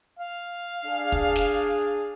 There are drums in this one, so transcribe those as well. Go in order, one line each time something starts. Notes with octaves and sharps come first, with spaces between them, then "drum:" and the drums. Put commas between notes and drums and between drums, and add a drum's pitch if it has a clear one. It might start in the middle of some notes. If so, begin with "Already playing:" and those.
F5
D4 G#4
drum: kick
drum: snare